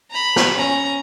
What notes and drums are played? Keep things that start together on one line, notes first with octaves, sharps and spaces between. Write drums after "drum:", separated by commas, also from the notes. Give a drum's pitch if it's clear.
A#5 B5
drum: snare
C#4 A#5